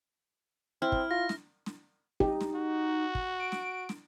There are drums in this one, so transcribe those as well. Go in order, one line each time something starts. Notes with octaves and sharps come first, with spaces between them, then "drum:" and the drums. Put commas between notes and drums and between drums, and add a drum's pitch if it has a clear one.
C4 E4 F6
drum: kick
F4 A#6
drum: snare
drum: snare
D#4 G4, drum: kick
drum: snare
F#4
drum: kick
D7
drum: snare
drum: snare